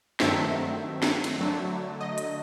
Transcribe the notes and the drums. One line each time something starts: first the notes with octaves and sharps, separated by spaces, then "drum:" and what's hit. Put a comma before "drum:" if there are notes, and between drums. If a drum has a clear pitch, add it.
G2 D#3 F#3 A3 C4 E5, drum: snare
drum: snare
drum: cymbal
D3 F#3 A3
D#5
drum: hi-hat